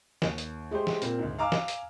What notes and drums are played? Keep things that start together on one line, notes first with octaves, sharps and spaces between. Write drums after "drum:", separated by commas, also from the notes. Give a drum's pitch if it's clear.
D#2, drum: snare
drum: hi-hat
G#3 A3 G4 C5
drum: snare
A#2 A#3 C4, drum: hi-hat
D2 G#2
F5 G#5 A#5 D6 E6 F6
drum: snare
drum: hi-hat